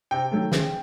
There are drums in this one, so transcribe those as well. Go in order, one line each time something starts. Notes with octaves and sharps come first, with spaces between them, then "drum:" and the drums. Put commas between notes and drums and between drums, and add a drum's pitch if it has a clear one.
C3 G5
D#3 F#3 A3
C#3, drum: snare